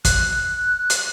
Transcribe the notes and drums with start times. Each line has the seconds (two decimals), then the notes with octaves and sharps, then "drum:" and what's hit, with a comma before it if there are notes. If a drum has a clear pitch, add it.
0.05 F#6, drum: kick, hi-hat
0.90 drum: hi-hat